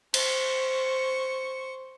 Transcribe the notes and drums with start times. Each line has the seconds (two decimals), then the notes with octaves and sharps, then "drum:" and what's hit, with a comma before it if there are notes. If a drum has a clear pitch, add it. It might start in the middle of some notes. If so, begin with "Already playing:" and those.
0.14 C5 C#6, drum: cymbal